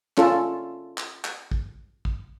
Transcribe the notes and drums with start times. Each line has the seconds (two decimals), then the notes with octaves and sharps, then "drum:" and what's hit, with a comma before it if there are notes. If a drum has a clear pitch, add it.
0.17 C#4 F4 A4, drum: clap
0.98 drum: clap
1.25 drum: clap
1.51 drum: kick
2.05 drum: kick